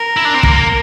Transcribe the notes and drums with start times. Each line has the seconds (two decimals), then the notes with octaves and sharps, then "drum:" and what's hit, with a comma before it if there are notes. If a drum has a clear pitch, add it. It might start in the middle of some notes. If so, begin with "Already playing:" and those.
Already playing: A#4
0.17 E4
0.25 D4
0.34 C4
0.43 A#3, drum: kick